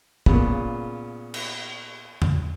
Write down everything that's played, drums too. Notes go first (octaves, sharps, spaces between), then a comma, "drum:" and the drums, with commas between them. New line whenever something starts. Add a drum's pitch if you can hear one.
A#2 C#3 B3, drum: kick
drum: cymbal
drum: tom E2